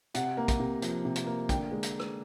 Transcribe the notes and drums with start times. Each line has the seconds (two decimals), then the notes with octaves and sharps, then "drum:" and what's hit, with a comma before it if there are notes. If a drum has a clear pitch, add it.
0.14 C3 F#5, drum: hi-hat
0.37 A#3
0.48 drum: kick, hi-hat
0.60 C3
0.82 F3, drum: hi-hat
1.05 C3
1.16 drum: hi-hat
1.26 A#3
1.49 D3 G5, drum: kick, hi-hat
1.71 G#3
1.83 drum: hi-hat
2.00 drum: rim click